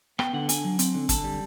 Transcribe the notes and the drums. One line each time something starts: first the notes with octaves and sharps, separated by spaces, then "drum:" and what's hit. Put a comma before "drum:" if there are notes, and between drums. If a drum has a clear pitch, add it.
B3 G5, drum: rim click
D3 F#5
D4 G#5, drum: hi-hat
F#3
C4, drum: hi-hat
D3
D3 A5, drum: kick, hi-hat
G3